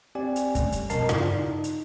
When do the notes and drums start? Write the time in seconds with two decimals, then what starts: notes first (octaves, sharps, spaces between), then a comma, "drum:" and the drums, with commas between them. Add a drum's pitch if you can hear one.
0.15 C4 G4 D5 G#5
0.36 drum: hi-hat
0.55 G3 A3 C#4, drum: kick, hi-hat
0.72 drum: hi-hat
0.90 F2 B2 A#4 D#5 A5 C7, drum: hi-hat
1.09 G2 C#3 E4 F4 D5, drum: rim click
1.31 D#4
1.64 drum: hi-hat